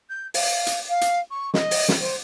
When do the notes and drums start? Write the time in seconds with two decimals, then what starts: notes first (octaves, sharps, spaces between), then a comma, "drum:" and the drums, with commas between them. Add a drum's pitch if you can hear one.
0.09 G6
0.34 F5, drum: open hi-hat
0.67 drum: hi-hat
0.89 F5
1.01 drum: hi-hat
1.31 C#6
1.54 D#5, drum: snare
1.71 drum: open hi-hat
1.88 drum: snare
2.00 C5